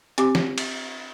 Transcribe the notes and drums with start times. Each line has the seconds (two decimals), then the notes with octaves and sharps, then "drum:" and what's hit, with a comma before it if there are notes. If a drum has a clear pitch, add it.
0.18 C4 G4 D6, drum: hi-hat
0.35 drum: snare
0.58 drum: cymbal